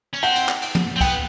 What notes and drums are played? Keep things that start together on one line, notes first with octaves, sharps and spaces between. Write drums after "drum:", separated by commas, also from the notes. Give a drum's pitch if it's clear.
C#4
C4 F#5, drum: cymbal
drum: cymbal
drum: clap
drum: cymbal
drum: tom
C4
B3 G5, drum: kick C2, cymbal